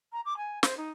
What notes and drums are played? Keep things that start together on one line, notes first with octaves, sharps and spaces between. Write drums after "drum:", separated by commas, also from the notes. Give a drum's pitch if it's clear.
A#5
D6
G#5
C5, drum: snare
D#4